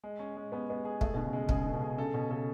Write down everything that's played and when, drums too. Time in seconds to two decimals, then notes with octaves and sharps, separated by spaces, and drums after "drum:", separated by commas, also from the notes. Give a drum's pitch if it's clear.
0.04 G#3
0.19 C#4
0.37 G#3
0.52 B3 C#4
0.69 G#3 B3
0.85 G#4
1.01 A3 G#4, drum: kick
1.14 B2 D3
1.25 C#3
1.33 G#3
1.49 C#3 G#4, drum: kick
1.65 D3
1.73 B2
1.81 G#4
1.98 C#3 A4
2.14 B2 C#4
2.30 C#3 A4